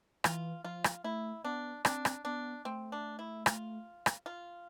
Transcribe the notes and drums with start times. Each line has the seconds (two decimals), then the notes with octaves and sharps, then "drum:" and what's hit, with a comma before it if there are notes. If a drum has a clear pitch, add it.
0.24 E3 F4, drum: rim click
0.64 F3 F4
0.84 drum: rim click
1.04 A3 E4
1.44 B3 D4
1.85 C4 D4, drum: rim click
2.05 drum: rim click
2.25 B3 D4
2.65 A3 C4
2.92 D4
3.19 E4
3.46 F4, drum: rim click
4.06 drum: rim click
4.26 F4